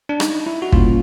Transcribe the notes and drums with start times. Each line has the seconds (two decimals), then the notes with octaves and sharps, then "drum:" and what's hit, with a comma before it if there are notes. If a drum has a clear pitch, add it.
0.09 D4
0.20 D#4, drum: rim click
0.47 E4
0.62 F#4
0.72 A#2 G3 A#3 C#4 F4, drum: kick